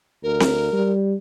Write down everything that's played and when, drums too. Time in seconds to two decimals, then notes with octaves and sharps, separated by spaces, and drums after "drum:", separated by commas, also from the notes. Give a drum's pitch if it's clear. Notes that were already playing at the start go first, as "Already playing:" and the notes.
0.23 D2 A#4
0.40 drum: snare C4
0.73 G3